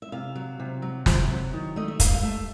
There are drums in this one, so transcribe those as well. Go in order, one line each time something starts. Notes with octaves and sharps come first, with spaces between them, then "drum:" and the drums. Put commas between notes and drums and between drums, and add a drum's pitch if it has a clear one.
E5
C3 F5
F#3
C3
F#3
C3, drum: snare
F#3
D#3
A3 D#5
E5
G2 F5, drum: kick, hi-hat
F5
A3 E5